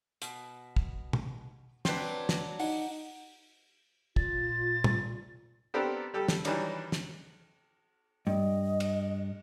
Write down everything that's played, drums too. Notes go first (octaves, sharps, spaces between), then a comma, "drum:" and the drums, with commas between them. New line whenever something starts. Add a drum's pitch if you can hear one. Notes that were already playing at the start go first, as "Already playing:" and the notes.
B2, drum: hi-hat
drum: kick
drum: tom
F#3 C4 D4 B4, drum: snare
drum: snare
D#4 F#5, drum: open hi-hat
A#2 F4 A6, drum: kick
drum: tom
B3 C4 D4 G4 A4 A#4
G3 G4 A4
drum: snare
D#3 E3 F#3 G3 D4 D#4, drum: cymbal
drum: snare
G2 D#5
drum: cymbal